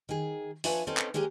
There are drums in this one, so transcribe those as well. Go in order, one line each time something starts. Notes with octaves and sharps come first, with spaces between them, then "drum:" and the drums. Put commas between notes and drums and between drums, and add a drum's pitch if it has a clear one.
D#3 G#4
F3 D4 B4 C#5 E5 G#5, drum: open hi-hat
C4 C#4 D#4 A4
drum: clap
G#3 C#4 G4 G#4 A#4